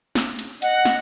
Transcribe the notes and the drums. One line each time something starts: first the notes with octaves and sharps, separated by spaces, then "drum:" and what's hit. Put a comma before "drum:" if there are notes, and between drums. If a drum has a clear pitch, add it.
drum: snare
drum: hi-hat
D#5 F#5, drum: hi-hat
drum: snare